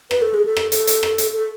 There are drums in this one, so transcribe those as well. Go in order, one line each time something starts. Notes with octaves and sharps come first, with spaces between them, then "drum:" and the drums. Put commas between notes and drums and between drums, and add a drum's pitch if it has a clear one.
B4, drum: rim click
A4
G#4
A4
drum: rim click
A4, drum: hi-hat
drum: hi-hat
drum: rim click
drum: hi-hat
A4